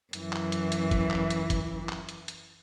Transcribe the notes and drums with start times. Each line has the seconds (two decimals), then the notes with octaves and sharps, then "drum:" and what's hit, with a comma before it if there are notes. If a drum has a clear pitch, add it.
0.13 F#2 E3, drum: hi-hat
0.33 drum: clap
0.52 drum: hi-hat
0.72 drum: hi-hat
0.91 drum: kick G1, hi-hat
1.11 drum: clap
1.30 drum: hi-hat
1.50 drum: kick G1, hi-hat
1.89 drum: clap
2.09 drum: hi-hat
2.28 drum: hi-hat